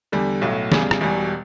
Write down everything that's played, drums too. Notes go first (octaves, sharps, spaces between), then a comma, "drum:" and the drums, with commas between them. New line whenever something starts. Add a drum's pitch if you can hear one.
E2 D3 G3
B1 A2 F#3 A3
E2 C#3 G3, drum: snare
drum: rim click
E1 E2 B2 G3